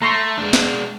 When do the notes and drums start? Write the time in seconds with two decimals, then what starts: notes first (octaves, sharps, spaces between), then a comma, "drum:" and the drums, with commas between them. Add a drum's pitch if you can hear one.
0.02 A3 A#5 C6 C#6
0.38 G#3 D4
0.53 drum: snare